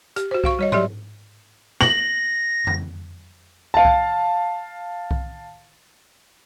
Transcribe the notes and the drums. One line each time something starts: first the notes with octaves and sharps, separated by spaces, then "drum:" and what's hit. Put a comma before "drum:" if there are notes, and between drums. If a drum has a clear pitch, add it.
G4, drum: hi-hat
F#4 C5
F#4 F5 C#6, drum: kick B1
G3 C#5 D#5
F#3 G4 D5 E5 C6, drum: tom G#2
A#6 F#7, drum: snare
drum: tom F2
F5 A5
drum: kick B1
drum: kick B1